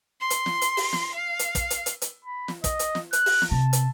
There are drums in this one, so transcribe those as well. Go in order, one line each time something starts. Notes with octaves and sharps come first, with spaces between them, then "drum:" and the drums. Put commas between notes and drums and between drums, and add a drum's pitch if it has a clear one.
C6
drum: hi-hat
drum: snare
drum: hi-hat
drum: open hi-hat
drum: snare
F5
drum: hi-hat
drum: kick, hi-hat
drum: hi-hat
drum: hi-hat
drum: hi-hat
B5
drum: snare
D#5, drum: kick, hi-hat
drum: hi-hat
drum: snare
F#6, drum: hi-hat
drum: open hi-hat
drum: snare
C3 A5
drum: hi-hat